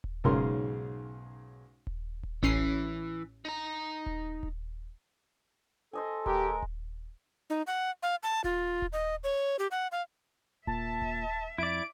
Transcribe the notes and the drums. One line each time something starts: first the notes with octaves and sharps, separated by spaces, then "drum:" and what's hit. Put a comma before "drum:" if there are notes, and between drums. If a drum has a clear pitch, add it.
drum: kick D#1
B1 G#2 C#3 A#4 C6
drum: kick D#1
drum: kick D#1
A1 E3 C#4 C7
D#4 A#5
drum: kick D#1
drum: kick D#1
A4 C5 D#5 G#5
G#3 G4 A#4, drum: kick D#1
drum: kick D#1
D#4
F#5
F5
A5
F4, drum: kick D#1
drum: kick D#1
D#5
C#5
G4
F#5
F5
A#2 E5 A5, drum: kick D#1
drum: kick D#1
F2 E4 D5 D7